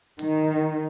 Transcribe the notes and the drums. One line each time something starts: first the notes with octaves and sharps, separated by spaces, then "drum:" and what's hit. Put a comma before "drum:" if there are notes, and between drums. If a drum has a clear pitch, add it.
D#3, drum: open hi-hat